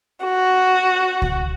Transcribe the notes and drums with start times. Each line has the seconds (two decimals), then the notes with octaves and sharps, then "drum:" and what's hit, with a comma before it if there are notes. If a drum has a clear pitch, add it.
0.25 F#4
1.22 drum: kick C#2